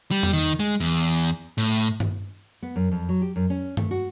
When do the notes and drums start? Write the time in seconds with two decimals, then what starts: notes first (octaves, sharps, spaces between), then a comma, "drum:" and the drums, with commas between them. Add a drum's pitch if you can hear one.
0.11 G3
0.23 drum: tom E2
0.33 D#3
0.60 G#3
0.80 E2
1.58 A2
2.00 drum: tom G2
2.62 B3
2.76 F#2
2.92 F2
3.09 F#3
3.22 G4
3.36 F#2
3.50 C#4
3.77 A3, drum: tom G2
3.91 F#4